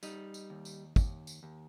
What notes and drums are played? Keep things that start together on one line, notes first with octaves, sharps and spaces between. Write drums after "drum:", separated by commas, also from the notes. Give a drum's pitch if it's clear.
G3 D#4, drum: tambourine
drum: tambourine
D#2
drum: tambourine
D#2, drum: kick, tambourine
drum: tambourine
D#2